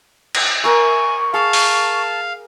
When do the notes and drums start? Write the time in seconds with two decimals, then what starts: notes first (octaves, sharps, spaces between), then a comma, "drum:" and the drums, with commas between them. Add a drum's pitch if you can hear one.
0.35 drum: cymbal
0.64 A#4 G#5 C#6 E6
1.34 G#4 F5 A5
1.53 drum: open hi-hat